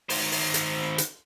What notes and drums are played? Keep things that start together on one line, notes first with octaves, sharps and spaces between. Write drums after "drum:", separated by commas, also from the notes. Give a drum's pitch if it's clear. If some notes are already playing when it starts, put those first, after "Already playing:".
D#3 C5, drum: open hi-hat
drum: open hi-hat
drum: hi-hat
drum: hi-hat